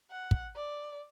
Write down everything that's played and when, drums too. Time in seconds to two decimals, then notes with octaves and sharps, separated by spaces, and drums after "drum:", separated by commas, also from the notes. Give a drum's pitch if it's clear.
0.11 F#5
0.31 drum: kick
0.56 D5